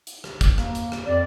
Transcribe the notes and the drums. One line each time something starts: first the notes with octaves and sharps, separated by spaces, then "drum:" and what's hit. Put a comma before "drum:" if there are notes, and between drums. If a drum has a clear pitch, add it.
drum: hi-hat
drum: rim click
drum: kick, hi-hat
A#3, drum: rim click
drum: hi-hat
drum: rim click
F2 D5